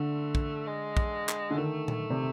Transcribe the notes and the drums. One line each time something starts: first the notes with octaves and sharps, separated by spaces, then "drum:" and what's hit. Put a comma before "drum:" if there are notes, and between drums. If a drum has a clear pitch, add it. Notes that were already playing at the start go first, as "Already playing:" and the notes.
Already playing: D3 A3
drum: kick
G#3
drum: kick
drum: clap
D3
D#3 A3
drum: tom A#2
C3